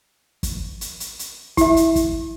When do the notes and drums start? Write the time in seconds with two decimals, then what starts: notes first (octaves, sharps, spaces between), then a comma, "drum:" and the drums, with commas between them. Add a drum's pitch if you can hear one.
0.43 drum: kick, hi-hat
0.81 drum: hi-hat
1.00 drum: hi-hat
1.19 drum: hi-hat
1.57 E4 E5, drum: kick, hi-hat
1.77 drum: hi-hat
1.96 drum: kick, hi-hat